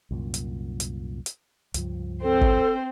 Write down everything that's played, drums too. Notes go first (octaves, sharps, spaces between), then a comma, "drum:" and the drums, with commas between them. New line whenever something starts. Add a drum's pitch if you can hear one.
C2 F#2 A#2
drum: hi-hat
drum: hi-hat
drum: hi-hat
C#2 G2 F3, drum: hi-hat
C4 A4 C5
drum: kick